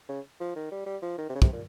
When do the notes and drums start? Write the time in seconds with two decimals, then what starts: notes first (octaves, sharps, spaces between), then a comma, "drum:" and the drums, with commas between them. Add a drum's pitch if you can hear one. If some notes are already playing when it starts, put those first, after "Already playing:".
0.09 C#3
0.40 F3
0.56 D#3
0.72 G3
0.87 G3
1.02 F3
1.18 D#3
1.30 C3
1.36 C#3
1.42 C3, drum: kick
1.53 A#2